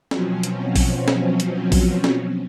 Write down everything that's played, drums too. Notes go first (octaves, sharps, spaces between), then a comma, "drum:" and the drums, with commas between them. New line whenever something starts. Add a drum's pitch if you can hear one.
B2 F3 F#3 C4 C#4, drum: snare
drum: hi-hat
drum: kick A#1, open hi-hat
drum: snare
drum: hi-hat
drum: kick A#1, open hi-hat
drum: snare